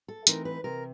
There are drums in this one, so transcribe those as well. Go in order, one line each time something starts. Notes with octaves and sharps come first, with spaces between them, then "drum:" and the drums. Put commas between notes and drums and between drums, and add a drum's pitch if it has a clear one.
A4
E3 A3 C4 D#4 A#4, drum: hi-hat
B4
C3 A#4